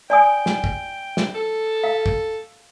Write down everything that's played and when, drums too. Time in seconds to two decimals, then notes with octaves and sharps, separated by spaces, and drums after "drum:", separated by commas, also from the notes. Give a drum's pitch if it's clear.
0.10 D5 G5 G#5 D#6
0.46 drum: snare
0.64 drum: kick
1.17 drum: snare
1.35 A4
1.84 F5
2.06 drum: kick